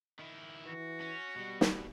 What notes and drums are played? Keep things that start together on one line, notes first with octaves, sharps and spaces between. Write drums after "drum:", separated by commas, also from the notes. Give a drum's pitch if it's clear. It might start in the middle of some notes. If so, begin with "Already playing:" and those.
D#3 E4
E3 F#4
C#4
B2 G3
drum: snare